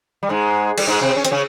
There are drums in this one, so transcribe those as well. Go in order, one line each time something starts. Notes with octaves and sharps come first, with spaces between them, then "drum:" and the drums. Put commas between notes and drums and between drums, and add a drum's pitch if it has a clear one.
G3
G#2 G#3
G3, drum: cymbal
G#2 G#3
C3 C4
C#4
C4, drum: hi-hat
C#3 C#4